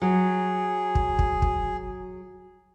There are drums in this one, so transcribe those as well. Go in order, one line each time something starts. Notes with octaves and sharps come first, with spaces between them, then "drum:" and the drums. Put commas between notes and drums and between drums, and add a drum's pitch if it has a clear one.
F#3 G#4
drum: kick
drum: kick
drum: kick